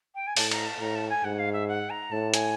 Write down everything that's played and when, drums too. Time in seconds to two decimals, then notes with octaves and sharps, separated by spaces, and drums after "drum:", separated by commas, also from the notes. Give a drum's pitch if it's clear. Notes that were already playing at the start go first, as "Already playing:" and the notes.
0.15 G5
0.27 G#5
0.37 A2 A5, drum: open hi-hat
0.51 A#5, drum: cymbal
0.66 A5
0.80 A2 A#5
0.95 A5
1.10 G#5
1.24 G#2 F#5
1.39 F5
1.53 E5
1.68 F#5
1.90 A#5
2.11 A2 A5
2.34 G#5, drum: hi-hat